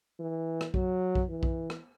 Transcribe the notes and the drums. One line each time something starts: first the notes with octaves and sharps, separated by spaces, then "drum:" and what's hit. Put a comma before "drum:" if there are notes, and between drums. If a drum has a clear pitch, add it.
E3
drum: rim click
F#3, drum: kick B1
drum: kick B1
E3
drum: kick B1
drum: rim click